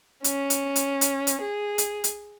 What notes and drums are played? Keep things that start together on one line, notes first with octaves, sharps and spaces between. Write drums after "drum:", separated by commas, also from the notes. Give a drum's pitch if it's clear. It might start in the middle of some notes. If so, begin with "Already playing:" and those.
C#4, drum: hi-hat
drum: hi-hat
drum: hi-hat
drum: hi-hat
drum: hi-hat
G#4
drum: hi-hat
drum: hi-hat